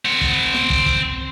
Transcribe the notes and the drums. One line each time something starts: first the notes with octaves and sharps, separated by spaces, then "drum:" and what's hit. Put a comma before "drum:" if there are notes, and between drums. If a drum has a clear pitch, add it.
C4 F#5
drum: kick
drum: snare
drum: kick
drum: kick